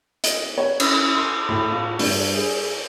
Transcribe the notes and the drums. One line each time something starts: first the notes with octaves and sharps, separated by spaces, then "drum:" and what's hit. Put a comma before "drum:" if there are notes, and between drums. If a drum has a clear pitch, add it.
D#5, drum: hi-hat
C#5
C#4, drum: cymbal
C6
A2
F4
G2, drum: open hi-hat
G#4